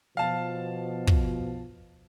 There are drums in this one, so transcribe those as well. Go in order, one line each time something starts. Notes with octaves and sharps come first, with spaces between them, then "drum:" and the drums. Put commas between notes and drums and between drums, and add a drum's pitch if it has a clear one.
B2 F3 F5 A5
drum: kick